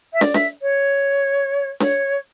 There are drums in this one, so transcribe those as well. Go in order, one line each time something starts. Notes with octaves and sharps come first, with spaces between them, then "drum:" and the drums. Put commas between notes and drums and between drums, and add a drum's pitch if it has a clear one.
E5
D5, drum: snare
E5, drum: snare
C#5
C#5, drum: snare